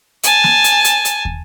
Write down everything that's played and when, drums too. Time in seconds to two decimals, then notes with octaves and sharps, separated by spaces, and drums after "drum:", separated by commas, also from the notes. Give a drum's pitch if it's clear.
0.23 G#5 A5, drum: hi-hat
0.44 drum: snare
0.64 drum: hi-hat
0.84 drum: hi-hat
1.05 drum: hi-hat
1.25 drum: kick